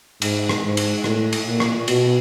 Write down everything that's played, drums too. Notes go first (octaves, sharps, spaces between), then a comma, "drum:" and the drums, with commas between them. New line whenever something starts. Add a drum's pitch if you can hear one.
G#2, drum: cymbal
drum: rim click
G#2
drum: cymbal
A2, drum: rim click
drum: cymbal
A#2
drum: rim click
B2, drum: cymbal